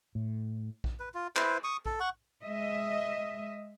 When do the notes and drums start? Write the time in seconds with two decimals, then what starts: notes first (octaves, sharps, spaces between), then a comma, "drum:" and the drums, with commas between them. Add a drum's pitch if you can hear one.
0.15 A2
0.84 drum: kick A#1
1.00 B4
1.14 F4
1.36 E4 B4 C5, drum: clap
1.64 C#6 D#6
1.86 A4, drum: kick A#1
2.00 F#5 C#6
2.43 G#3 D#5 E5